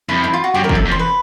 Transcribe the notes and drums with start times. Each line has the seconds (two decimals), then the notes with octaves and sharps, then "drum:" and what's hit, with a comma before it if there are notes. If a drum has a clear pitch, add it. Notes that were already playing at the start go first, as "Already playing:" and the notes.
0.09 F2 E4
0.24 E4
0.34 F4
0.44 F#4
0.54 F#2 G4
0.64 A#4
0.69 F#2, drum: kick
0.75 A4
0.85 F2
0.92 C5
0.99 B4